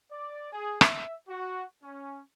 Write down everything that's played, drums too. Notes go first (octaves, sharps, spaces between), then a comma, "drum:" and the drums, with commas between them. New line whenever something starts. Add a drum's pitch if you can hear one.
D5
G#4
E5, drum: rim click
F#4
C#4